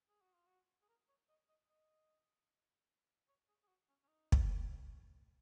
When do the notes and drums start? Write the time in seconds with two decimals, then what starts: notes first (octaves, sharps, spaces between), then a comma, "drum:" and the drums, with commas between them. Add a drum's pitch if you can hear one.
0.09 G#4
0.22 F#4
0.33 F4
0.46 F#4
0.82 G#4
0.89 A#4
1.09 C#5
1.29 D#5
1.49 D#5
1.69 D#5
3.28 C#5
3.48 G#4
3.64 G#4
3.68 F#4
3.89 C#4
4.03 C#4
4.08 D#4
4.32 drum: kick
4.88 C#4